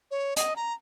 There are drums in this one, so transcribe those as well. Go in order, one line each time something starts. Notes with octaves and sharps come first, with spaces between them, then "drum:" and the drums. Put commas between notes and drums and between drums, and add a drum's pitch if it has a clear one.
C#5
D#5, drum: hi-hat
A#5